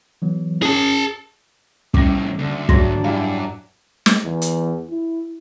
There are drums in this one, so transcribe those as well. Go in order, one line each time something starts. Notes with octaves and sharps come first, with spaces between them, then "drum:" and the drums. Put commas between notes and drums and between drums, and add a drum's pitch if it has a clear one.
E3 F#3 B3
C#4 G#4 A5
F2 A2 G3 C#4 D6 A#6, drum: kick
D2 D3
G#2 F#3 D4 A#6, drum: kick
F#2 G3 E4 F5
drum: snare
E2
drum: hi-hat
E4